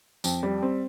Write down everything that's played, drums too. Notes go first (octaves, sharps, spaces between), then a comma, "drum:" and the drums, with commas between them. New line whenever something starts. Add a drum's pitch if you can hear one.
F2, drum: tambourine
G3
C4